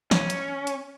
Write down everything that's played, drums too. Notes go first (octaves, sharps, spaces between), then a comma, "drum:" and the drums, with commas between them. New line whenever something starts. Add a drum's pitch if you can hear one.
C#4, drum: snare
drum: hi-hat
drum: hi-hat